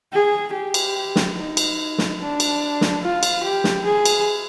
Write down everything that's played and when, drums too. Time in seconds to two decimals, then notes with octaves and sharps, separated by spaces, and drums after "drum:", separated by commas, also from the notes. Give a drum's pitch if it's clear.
0.13 G#4
0.53 G4
0.74 drum: cymbal
1.16 drum: snare
1.37 D#4
1.57 drum: cymbal
1.98 drum: snare
2.19 D4
2.40 drum: cymbal
2.81 drum: snare
3.02 F4
3.23 drum: cymbal
3.43 G4
3.64 drum: snare
3.85 G#4
4.05 drum: cymbal